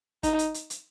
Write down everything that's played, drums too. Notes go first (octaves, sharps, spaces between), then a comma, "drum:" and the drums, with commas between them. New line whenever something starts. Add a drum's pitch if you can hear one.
D#4, drum: kick, hi-hat
drum: hi-hat
drum: hi-hat
drum: hi-hat